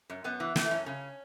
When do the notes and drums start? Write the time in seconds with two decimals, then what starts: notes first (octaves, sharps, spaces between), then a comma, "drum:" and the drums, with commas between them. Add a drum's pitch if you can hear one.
0.10 F#2
0.24 F#2 B3
0.40 E3
0.56 E3 A3, drum: snare
0.71 F#2 C#4
0.86 C#3 C#4